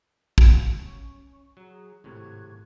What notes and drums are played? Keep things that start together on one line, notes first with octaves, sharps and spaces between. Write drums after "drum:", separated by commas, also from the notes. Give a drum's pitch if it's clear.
F5 F#5 G#5, drum: kick
C#4 C#6
F#3 G#4 A#5
G#1 A2 C3 C#6 F#6 G#6